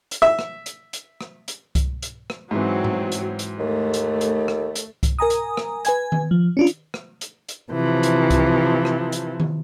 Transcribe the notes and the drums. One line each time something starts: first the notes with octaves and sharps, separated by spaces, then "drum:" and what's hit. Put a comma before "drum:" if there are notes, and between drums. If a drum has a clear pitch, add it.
drum: hi-hat
E5
drum: rim click
drum: hi-hat
drum: hi-hat
drum: rim click
drum: hi-hat
drum: kick C2, hi-hat
drum: hi-hat
drum: rim click
G#2 E3 F#3 C4
drum: tom G#2
drum: hi-hat
drum: hi-hat
D#2 A3
drum: hi-hat
drum: hi-hat
drum: rim click
drum: hi-hat
drum: kick C2, hi-hat
A#4 G#5 A#5 D#6
drum: hi-hat
drum: rim click
B4 G#5 G#6, drum: hi-hat
drum: tom D#3
F3
C#4 D4 F4
drum: hi-hat
drum: rim click
drum: hi-hat
drum: hi-hat
C3 E3 F3
drum: hi-hat
drum: kick C2, hi-hat
drum: rim click
drum: hi-hat
drum: tom D#3